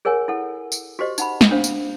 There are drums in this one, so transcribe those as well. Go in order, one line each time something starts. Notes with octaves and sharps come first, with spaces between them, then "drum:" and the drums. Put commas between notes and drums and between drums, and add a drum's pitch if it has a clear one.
G#4 A#4 C#5 F#5 G#5
E4 A4 F#5
drum: tambourine
F#4 G4 C5 D#5
D#4 F#5 B5, drum: tambourine
drum: snare
D4 C5 F5
drum: tambourine